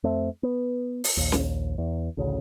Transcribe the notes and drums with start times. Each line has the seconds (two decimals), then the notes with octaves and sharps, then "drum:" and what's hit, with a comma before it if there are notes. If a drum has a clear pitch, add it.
0.03 F2 A3 C4
0.43 B3
1.04 drum: open hi-hat
1.17 A#1 D#2
1.32 drum: snare
1.78 E2
2.17 A1 D2 C#3